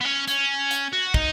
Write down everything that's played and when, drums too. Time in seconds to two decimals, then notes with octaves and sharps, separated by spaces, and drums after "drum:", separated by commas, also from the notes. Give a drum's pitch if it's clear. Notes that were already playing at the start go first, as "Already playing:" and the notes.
0.01 B3
0.05 C#4
0.28 C#4, drum: hi-hat
0.71 drum: hi-hat
0.93 F#4
1.14 D#4, drum: kick